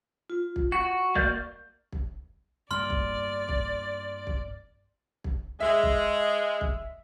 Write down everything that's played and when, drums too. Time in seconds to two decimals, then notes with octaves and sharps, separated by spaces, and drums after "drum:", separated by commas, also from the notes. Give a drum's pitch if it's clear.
0.30 F4
0.56 drum: kick
0.72 F#4 C#6
1.15 A#3 D5 G6, drum: kick
1.92 drum: kick
2.71 G2 A#3 B3 D5 C6 F6
2.90 drum: kick
3.49 drum: kick
4.27 drum: kick
5.24 drum: kick
5.60 G#3 E5
5.83 drum: kick
6.61 drum: kick